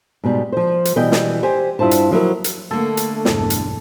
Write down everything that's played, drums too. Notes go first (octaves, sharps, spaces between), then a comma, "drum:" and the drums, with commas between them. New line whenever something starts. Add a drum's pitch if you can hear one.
G#2 B2 G3
F3 C5
drum: hi-hat
B2 E3 G3 D#5 G5
drum: snare
G4 C5 G#5
G2 E4 F4 C5 A5
drum: hi-hat
F3 F#3 E4 A#4
drum: hi-hat
D3 A3 A#3 A4
drum: hi-hat
B1 E2 G2, drum: snare
drum: hi-hat